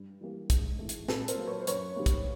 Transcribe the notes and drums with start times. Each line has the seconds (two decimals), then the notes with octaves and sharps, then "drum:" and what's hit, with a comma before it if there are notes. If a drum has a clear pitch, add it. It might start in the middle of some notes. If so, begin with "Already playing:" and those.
Already playing: G2
0.21 E3 G3 A#3
0.50 G#2, drum: kick, hi-hat
0.79 E3 A3
0.89 drum: hi-hat
1.08 A#2 A4 B4, drum: snare
1.28 A#4 C5, drum: hi-hat
1.38 F#3 A#3
1.47 B4 C#5
1.61 C5
1.67 F#2 B4 C#5, drum: hi-hat
1.96 D#3 G3 A#3
2.06 drum: kick, hi-hat